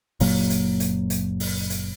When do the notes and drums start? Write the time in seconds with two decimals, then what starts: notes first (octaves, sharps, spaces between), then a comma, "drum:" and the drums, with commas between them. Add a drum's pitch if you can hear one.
0.20 F#1 A#2 F#3 A#3, drum: open hi-hat
0.50 drum: hi-hat
0.80 drum: hi-hat
1.10 drum: hi-hat
1.40 drum: open hi-hat
1.70 drum: hi-hat